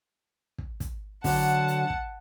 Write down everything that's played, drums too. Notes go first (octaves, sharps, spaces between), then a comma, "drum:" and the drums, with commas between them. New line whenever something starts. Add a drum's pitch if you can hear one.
drum: kick
drum: kick, hi-hat
D3 F#3 F#5 A5, drum: kick, open hi-hat
drum: hi-hat
drum: kick